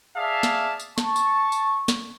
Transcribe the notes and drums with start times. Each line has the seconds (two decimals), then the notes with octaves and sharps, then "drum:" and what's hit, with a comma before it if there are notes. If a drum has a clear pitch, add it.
0.17 G#4 D5 E5 F5 A5
0.43 drum: snare
0.80 drum: tambourine
0.98 A5 C#6, drum: snare
1.16 drum: tambourine
1.52 drum: tambourine
1.88 drum: snare